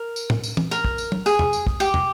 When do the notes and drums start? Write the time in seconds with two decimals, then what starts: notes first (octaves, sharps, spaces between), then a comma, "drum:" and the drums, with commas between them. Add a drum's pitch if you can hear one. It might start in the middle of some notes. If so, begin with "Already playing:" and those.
Already playing: A#4
0.16 drum: tambourine
0.30 drum: tom
0.44 drum: tambourine
0.57 drum: tom
0.71 A#4, drum: tambourine
0.85 drum: kick
0.98 drum: tambourine
1.12 drum: tom
1.26 G#4, drum: tambourine
1.39 drum: tom
1.53 drum: tambourine
1.67 drum: kick
1.80 G4, drum: tambourine
1.94 drum: tom